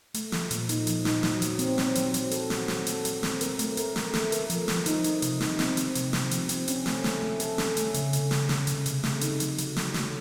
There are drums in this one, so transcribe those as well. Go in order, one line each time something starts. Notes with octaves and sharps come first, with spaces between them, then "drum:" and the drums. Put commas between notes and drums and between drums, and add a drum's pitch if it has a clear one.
A3, drum: hi-hat
F3, drum: snare
A#2, drum: hi-hat
D#4, drum: hi-hat
F3, drum: hi-hat
D#4, drum: snare
F#3, drum: snare
F#3, drum: hi-hat
C4, drum: hi-hat
C4, drum: snare
F#3, drum: hi-hat
F#3, drum: hi-hat
A4, drum: hi-hat
F#4, drum: snare
C4, drum: snare
A4, drum: hi-hat
F#3, drum: hi-hat
C4, drum: snare
A#4, drum: hi-hat
A3, drum: hi-hat
A#4, drum: hi-hat
A3, drum: snare
A3, drum: snare
A#4, drum: hi-hat
F3, drum: hi-hat
F3, drum: snare
D#4, drum: hi-hat
D#4, drum: hi-hat
C3, drum: hi-hat
D#4, drum: snare
C4, drum: snare
C4, drum: hi-hat
C3, drum: hi-hat
C3, drum: snare
F3, drum: hi-hat
C4, drum: hi-hat
C#4, drum: hi-hat
A3, drum: snare
A3, drum: snare
A3
A4, drum: hi-hat
C#4, drum: snare
A3, drum: hi-hat
C#3, drum: hi-hat
C#3, drum: hi-hat
C#3, drum: snare
C#3, drum: snare
C#3, drum: hi-hat
C3, drum: hi-hat
A3, drum: snare
D#4, drum: hi-hat
F#3, drum: hi-hat
F#3, drum: hi-hat
F#3, drum: snare
A3, drum: snare